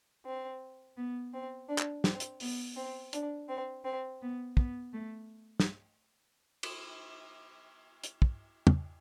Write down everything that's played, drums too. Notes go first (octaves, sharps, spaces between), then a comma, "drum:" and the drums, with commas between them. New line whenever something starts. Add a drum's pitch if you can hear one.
C4
B3
C4
D4
drum: clap
C4, drum: snare
drum: hi-hat
B3, drum: open hi-hat
C4
D4, drum: hi-hat
C4
C4
B3
B3, drum: kick
A3
drum: snare
drum: cymbal
drum: hi-hat
drum: kick
drum: tom